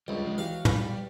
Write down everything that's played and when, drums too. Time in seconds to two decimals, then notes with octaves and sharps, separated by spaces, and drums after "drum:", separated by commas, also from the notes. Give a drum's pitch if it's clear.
0.08 C#2 G3 D4
0.24 F3 G#3
0.38 E3 F#3 G4 F5
0.65 G3 B4, drum: tom